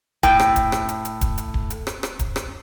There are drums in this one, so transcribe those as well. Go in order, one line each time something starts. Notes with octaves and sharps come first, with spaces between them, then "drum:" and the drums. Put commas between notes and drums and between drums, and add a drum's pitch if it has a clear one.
A2 G5, drum: kick D1, hi-hat
drum: rim click
drum: kick D1, hi-hat
drum: rim click
drum: hi-hat
drum: hi-hat
drum: kick D1, hi-hat
drum: hi-hat
drum: kick D1
drum: hi-hat
drum: rim click
drum: rim click
drum: kick D1, hi-hat
drum: rim click